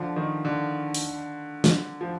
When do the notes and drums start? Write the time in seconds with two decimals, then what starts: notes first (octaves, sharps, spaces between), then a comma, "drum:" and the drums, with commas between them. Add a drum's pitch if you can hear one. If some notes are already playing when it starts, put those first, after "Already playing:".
Already playing: D3 F3
0.16 D#3
0.45 D3
0.94 drum: open hi-hat
1.64 drum: snare
2.01 F3